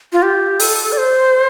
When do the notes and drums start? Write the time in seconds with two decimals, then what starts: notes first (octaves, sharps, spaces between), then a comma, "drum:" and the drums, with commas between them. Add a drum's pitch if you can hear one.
0.13 F4
0.22 G4
0.60 A4, drum: open hi-hat
0.92 D5
0.97 C5